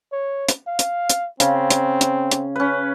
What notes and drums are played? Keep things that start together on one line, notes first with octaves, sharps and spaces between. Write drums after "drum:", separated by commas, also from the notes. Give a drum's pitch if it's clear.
C#5
drum: hi-hat
F5
drum: hi-hat
drum: hi-hat
C#3 C4, drum: hi-hat
drum: hi-hat
drum: hi-hat
drum: hi-hat
C#4 B4